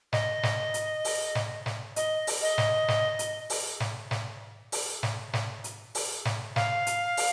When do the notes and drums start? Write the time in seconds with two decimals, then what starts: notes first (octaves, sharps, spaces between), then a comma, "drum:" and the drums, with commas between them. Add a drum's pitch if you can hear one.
0.13 D#5, drum: snare
0.43 drum: snare
0.74 drum: hi-hat
1.05 drum: open hi-hat
1.35 drum: snare
1.66 drum: snare
1.96 D#5, drum: hi-hat
2.27 drum: open hi-hat
2.42 D#5
2.58 drum: snare
2.88 drum: snare
3.19 drum: hi-hat
3.50 drum: open hi-hat
3.80 drum: snare
4.11 drum: snare
4.72 drum: open hi-hat
5.03 drum: snare
5.33 drum: snare
5.64 drum: hi-hat
5.95 drum: open hi-hat
6.25 drum: snare
6.56 F5, drum: snare
6.87 drum: hi-hat
7.17 drum: open hi-hat